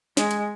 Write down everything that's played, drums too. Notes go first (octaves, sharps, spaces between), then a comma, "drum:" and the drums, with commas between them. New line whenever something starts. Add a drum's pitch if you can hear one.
G#3, drum: snare
drum: hi-hat